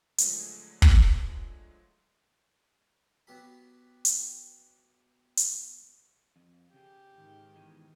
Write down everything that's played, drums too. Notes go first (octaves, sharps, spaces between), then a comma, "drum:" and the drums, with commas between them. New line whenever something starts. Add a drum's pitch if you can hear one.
D3 F3 F#3 G#3 A3, drum: hi-hat
drum: kick
F#3 B3 G4 B5
drum: hi-hat
drum: hi-hat
F2
C#3 G4 G#4
G#2 D#3
B2 E3 G#3